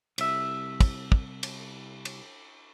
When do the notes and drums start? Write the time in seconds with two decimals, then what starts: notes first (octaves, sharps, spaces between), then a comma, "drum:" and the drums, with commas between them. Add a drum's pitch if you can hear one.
0.18 C2 E5, drum: cymbal
0.80 drum: kick, cymbal
1.12 drum: kick
1.43 drum: cymbal
2.05 drum: cymbal